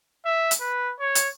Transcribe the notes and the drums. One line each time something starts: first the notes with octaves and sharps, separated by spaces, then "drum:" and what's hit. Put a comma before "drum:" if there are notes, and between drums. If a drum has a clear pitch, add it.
E5
drum: hi-hat
B4
C#5
drum: hi-hat